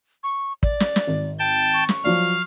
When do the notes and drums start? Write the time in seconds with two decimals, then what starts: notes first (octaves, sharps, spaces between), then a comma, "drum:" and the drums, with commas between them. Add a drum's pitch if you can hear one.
0.24 C#6
0.63 D5, drum: kick
0.80 drum: snare
0.96 drum: snare
1.07 G#1
1.39 G5 A5
1.74 C#6
1.89 drum: snare
2.04 F3 F#3 D5 F5